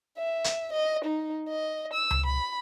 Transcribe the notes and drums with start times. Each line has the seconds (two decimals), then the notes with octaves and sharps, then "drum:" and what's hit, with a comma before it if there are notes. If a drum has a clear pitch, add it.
0.18 E5
0.44 drum: hi-hat
0.73 D#5
1.05 D#4
1.49 D#5
1.93 E6
2.11 drum: tom C#2
2.26 B5